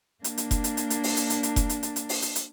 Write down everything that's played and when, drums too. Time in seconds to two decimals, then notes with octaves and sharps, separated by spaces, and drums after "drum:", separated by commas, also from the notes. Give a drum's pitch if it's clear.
0.24 A#3 D4, drum: hi-hat
0.38 drum: hi-hat
0.51 drum: kick F1, hi-hat
0.64 drum: hi-hat
0.77 drum: hi-hat
0.90 drum: hi-hat
1.03 drum: open hi-hat
1.17 drum: hi-hat
1.30 drum: hi-hat
1.43 drum: hi-hat
1.56 drum: kick F1, hi-hat
1.69 drum: hi-hat
1.83 drum: hi-hat
1.96 drum: hi-hat
2.09 drum: open hi-hat
2.22 drum: hi-hat
2.35 drum: hi-hat